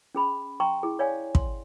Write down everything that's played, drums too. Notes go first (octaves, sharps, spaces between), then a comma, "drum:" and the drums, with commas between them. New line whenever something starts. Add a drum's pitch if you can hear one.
C#4 G#4 B5
G5 A#5 C6 C#6
E4 G#4
C#5 D5 F5 G#5
C6, drum: kick